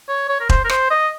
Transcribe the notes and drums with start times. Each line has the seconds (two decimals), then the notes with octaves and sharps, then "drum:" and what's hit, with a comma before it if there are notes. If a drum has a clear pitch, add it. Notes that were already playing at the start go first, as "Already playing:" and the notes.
0.08 C#5
0.29 C#5
0.40 A#4
0.49 C5, drum: kick E1
0.64 A#4
0.69 C5, drum: rim click
0.90 D#5